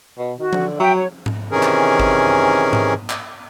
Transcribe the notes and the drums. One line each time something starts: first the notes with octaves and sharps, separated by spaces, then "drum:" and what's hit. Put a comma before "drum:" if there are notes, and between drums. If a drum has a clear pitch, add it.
B2
D#3 F#4
D3, drum: tom F3
F#3 E5 G5
C#5
drum: tom G#2
C3 D#3 E3 C#4 G#4 A#4
drum: clap
drum: kick G#1
drum: tom G#2
drum: clap